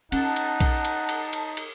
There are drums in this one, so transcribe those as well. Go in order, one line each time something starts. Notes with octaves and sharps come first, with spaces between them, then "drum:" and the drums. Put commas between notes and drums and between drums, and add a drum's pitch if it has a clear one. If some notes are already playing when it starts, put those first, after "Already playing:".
C#4 D#4 F#5 A5, drum: cymbal
drum: cymbal
drum: kick A#1, cymbal
drum: cymbal
drum: cymbal
drum: cymbal
drum: cymbal